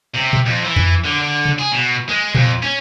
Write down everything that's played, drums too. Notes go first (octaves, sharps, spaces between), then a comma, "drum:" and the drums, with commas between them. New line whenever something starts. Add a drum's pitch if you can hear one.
C3
drum: tom A#2
F2
E3
drum: tom F2
D3
D3
drum: tom C3
G#4
B2
G#3
F2, drum: tom A#2
C#4